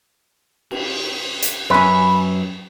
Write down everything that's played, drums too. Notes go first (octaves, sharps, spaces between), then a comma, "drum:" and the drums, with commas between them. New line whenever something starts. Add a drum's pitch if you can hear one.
drum: cymbal
drum: hi-hat
F#2 C#4 B4